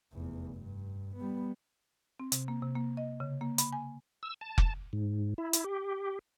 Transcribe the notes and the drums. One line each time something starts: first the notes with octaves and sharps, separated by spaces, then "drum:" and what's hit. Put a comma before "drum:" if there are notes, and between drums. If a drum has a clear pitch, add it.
F1 E2
G2
G3 B3
C4
C3, drum: hi-hat
A#3
C3
A#3
D#5
C#3
A#3
B5, drum: hi-hat
G#5
E6
A5
drum: kick F1
G#2
E4
drum: hi-hat
G4